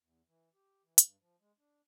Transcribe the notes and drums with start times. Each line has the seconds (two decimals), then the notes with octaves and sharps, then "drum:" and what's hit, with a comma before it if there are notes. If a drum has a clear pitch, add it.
0.03 E2
0.28 E3
0.54 G4
0.84 E3
0.98 G2, drum: hi-hat
1.20 F3
1.41 G#3
1.58 D4